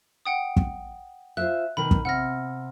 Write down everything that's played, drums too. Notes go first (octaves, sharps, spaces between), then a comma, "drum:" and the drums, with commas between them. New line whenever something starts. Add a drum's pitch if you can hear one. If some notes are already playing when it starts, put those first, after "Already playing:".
F#5 G5 D#6
drum: kick
F4 C5 E5 F#6
B2 D#3 A#4 B5
drum: kick
C3 F#5 F6 A#6